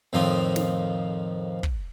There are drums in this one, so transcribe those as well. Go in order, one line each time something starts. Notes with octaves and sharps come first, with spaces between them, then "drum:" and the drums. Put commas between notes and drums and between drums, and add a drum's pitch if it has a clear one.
F2 A2 D#3 F3 C4 D#6
drum: snare
drum: kick